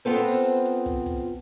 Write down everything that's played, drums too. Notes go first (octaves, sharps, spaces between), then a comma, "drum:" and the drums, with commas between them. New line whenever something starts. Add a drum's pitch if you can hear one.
B3 C4 F4 A4 B4 C5, drum: hi-hat
drum: open hi-hat
drum: hi-hat
drum: hi-hat
drum: kick, hi-hat
drum: kick, hi-hat